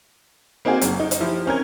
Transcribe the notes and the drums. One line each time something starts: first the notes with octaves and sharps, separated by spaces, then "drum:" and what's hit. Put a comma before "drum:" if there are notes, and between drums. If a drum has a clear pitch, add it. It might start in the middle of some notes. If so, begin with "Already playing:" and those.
A#3 C4 D#4 F#4 G#4
F#1, drum: hi-hat
D#4
drum: hi-hat
F3 E4 G4
C4 C#4 A#4 G#6